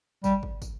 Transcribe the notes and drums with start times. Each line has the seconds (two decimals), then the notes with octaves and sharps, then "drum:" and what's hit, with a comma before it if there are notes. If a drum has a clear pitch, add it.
0.24 G3, drum: kick, tambourine
0.43 drum: kick
0.62 drum: kick, tambourine